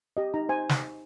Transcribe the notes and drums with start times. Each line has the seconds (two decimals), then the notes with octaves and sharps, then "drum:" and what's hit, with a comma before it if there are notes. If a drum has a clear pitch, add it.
0.17 G4 D#5
0.34 D#4 A#5
0.49 C5 G#5
0.69 drum: snare